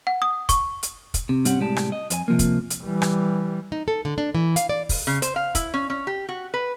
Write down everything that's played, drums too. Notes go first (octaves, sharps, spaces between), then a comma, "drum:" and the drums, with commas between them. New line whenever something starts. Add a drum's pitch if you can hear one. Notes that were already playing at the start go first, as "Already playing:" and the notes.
F#5
D#6
C#6, drum: kick, hi-hat
drum: hi-hat
drum: kick, hi-hat
C3
G2 C3 C4 C#4 G4 F#5, drum: hi-hat
C2 A2 G#3 G4 D5 A5
drum: rim click
D#5
F2 C5 G#5, drum: hi-hat
C3 F3 A#3
drum: kick, hi-hat
drum: hi-hat
E3 G3
drum: rim click
D#4
A4
D3
D4
E3
F5, drum: hi-hat
D5
drum: kick, open hi-hat
C#3
C5, drum: hi-hat
F5
E4, drum: kick, hi-hat
C#4
C#4
G4
F#4
B4